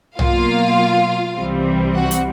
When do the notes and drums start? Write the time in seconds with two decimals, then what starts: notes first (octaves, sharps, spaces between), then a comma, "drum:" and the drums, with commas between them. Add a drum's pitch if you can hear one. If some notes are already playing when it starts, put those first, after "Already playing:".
0.19 B2 F#3 A#3 F4 F5, drum: tom B1
1.36 C2 C3 E3 G3 C4
1.95 F#4 F#5
2.11 drum: hi-hat